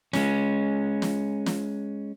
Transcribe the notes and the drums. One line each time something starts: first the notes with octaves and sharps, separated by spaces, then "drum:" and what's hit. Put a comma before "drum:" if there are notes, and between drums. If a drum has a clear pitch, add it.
G#3 C#4, drum: snare
drum: snare
drum: snare